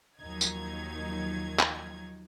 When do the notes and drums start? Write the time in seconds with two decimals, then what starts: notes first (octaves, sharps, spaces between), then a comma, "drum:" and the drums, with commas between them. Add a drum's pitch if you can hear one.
0.21 D#2 D#3 F3 F#3 D#4 G#6
0.41 drum: tambourine
1.59 drum: clap